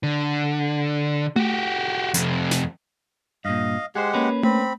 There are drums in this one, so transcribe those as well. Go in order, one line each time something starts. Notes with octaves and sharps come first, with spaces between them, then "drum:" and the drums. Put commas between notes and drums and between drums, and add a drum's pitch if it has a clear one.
D3
F#4 G4, drum: tom A3
F2 C3, drum: hi-hat
drum: snare
G2 A#2 D#5 F5
G#3 G4 G#4 C5 F#5
A#3 C#4 B4
C4 B5, drum: tom A3